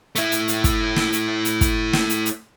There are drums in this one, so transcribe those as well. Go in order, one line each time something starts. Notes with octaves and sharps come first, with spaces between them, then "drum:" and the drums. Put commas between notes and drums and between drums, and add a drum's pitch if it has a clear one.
A3 E4, drum: hi-hat
drum: hi-hat
drum: hi-hat
drum: kick, hi-hat
drum: snare
drum: hi-hat
drum: hi-hat
drum: kick, hi-hat
drum: snare
drum: hi-hat
drum: hi-hat